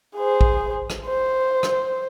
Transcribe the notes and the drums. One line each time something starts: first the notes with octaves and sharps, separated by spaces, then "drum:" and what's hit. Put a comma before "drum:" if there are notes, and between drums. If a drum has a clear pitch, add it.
G#4 C5
drum: kick
drum: rim click
C5
drum: rim click